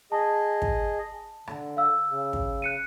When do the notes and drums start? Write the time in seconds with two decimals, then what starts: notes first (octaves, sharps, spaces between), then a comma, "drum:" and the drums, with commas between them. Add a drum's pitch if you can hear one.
0.12 G#4 D#5 A5
0.62 drum: kick
1.47 D3, drum: rim click
1.77 F5 E6
2.10 C#3
2.33 drum: kick
2.62 F#6 C#7 D#7